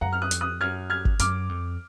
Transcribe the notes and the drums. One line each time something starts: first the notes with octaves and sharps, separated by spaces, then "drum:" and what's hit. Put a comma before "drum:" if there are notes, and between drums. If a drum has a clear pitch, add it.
F#2 F#5 A#5
F6
D#6 F#6
F2, drum: hi-hat
D#6 F#6
F#2 F6 G#6
F6 G#6
drum: kick G#1
F#2 D6 F6, drum: hi-hat
F2